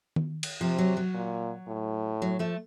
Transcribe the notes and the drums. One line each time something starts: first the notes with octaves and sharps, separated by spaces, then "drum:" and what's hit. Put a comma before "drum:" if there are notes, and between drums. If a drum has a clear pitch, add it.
drum: tom D#3
drum: cymbal
C3 F3
F#3
F#3
A#2
A2
F#3
F3 A3